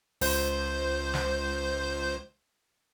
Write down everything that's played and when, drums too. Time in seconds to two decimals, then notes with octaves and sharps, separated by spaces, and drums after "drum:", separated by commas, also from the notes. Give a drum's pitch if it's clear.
0.21 C#2 C5 G6, drum: open hi-hat
1.14 drum: snare